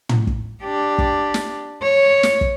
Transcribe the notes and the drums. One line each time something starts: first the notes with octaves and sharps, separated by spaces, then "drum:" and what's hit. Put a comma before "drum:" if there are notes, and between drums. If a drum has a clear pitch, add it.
drum: tom
drum: kick
D4 G4
drum: kick
drum: snare
C#5
drum: snare
drum: kick